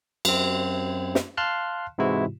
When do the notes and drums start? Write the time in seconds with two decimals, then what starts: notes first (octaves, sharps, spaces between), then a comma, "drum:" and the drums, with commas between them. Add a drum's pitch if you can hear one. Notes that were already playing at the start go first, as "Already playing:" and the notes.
0.25 F#2 C4, drum: cymbal
1.15 drum: snare
1.37 F5 A5 C6 F6 F#6
1.98 G#2 C3 E3 G#3 E4 F#4